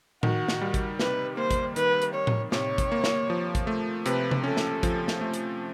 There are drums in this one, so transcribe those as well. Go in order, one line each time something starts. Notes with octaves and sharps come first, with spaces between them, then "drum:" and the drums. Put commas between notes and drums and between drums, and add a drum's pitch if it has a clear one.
D#3 F#4, drum: tom A2
drum: snare
G3
drum: kick, hi-hat
C3 B4, drum: snare
A#3 C5
drum: kick, hi-hat
D#3 B4, drum: hi-hat
drum: hi-hat
G3 C#5
drum: tom A2
C3 C#5, drum: snare
drum: kick, hi-hat
A#3
drum: snare
F3
drum: kick, hi-hat
A3
C3 B4, drum: hi-hat
drum: tom C3
C#4 A4
drum: snare
F3, drum: kick, hi-hat
drum: snare
A3
drum: hi-hat